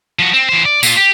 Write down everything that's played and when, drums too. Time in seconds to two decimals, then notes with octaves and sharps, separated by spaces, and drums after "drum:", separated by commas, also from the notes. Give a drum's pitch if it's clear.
0.19 F3 F#4
0.34 C4
0.49 E3 C5
0.65 D5
0.83 A#2 F4, drum: tambourine
0.97 G4